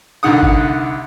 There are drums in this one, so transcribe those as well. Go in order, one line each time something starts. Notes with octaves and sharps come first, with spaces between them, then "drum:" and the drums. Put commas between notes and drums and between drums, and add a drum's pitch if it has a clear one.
C2 D3 D#3 F#5 D#6
drum: kick G#1